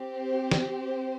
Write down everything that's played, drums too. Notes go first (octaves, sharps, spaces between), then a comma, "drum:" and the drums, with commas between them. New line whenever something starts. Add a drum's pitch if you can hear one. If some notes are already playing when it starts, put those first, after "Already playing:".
Already playing: C4 G4
C5
drum: snare
C5